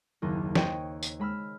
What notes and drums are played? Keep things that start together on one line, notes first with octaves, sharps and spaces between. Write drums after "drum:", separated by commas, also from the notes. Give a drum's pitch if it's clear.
F#1 D#2
C5 C#5 D#5 G5, drum: snare
drum: tambourine
G#3 B5 E6 F6